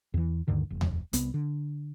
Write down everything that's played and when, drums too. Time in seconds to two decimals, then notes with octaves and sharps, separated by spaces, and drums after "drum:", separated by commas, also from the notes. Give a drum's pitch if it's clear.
0.14 E2 E3
0.48 D2 G2 D3 D#3
0.70 F1
0.81 drum: tom D#2
1.13 C2 B3, drum: hi-hat
1.34 D3